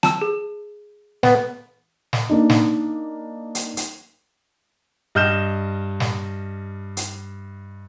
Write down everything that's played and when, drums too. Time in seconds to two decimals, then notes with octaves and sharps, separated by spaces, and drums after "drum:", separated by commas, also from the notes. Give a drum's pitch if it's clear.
0.03 A5 E6, drum: rim click
0.21 G#4
1.23 B3, drum: snare
2.13 drum: snare
2.29 A#3 D4 D#4
2.50 drum: snare
3.55 drum: hi-hat
3.77 drum: hi-hat
5.15 G2 D#5 F6 G6 E7
6.00 drum: snare
6.97 drum: hi-hat